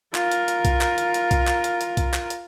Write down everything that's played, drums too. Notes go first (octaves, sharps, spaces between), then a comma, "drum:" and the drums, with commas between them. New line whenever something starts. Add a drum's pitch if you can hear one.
F4 A#4, drum: clap
drum: hi-hat
drum: hi-hat
drum: kick B1, hi-hat
drum: clap
drum: hi-hat
drum: hi-hat
drum: kick B1, hi-hat
drum: clap
drum: hi-hat
drum: hi-hat
drum: kick B1, hi-hat
drum: clap
drum: hi-hat